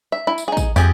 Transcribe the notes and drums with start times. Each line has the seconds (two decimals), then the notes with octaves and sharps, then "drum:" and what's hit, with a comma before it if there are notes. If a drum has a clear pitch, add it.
0.12 E5
0.27 E4
0.38 drum: tambourine
0.48 D#4 G#4
0.57 drum: kick A1, tambourine
0.76 F2 G4 G#4, drum: tambourine